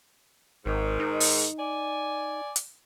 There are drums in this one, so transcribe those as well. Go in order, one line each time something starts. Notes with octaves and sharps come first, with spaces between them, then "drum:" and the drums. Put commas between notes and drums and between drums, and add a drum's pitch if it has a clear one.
G#1 G#2 D#3
D#4
drum: open hi-hat
D5 G#5
drum: hi-hat